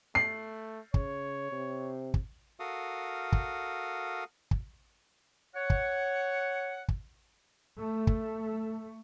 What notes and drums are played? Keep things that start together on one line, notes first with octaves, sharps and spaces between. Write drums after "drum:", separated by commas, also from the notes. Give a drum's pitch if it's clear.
A3 C7
C#3 C#5, drum: kick
C3
drum: kick
F#4 A4 A#4 F5 D#6
drum: kick
drum: kick
C#5 F#5
drum: kick
drum: kick
A3
drum: kick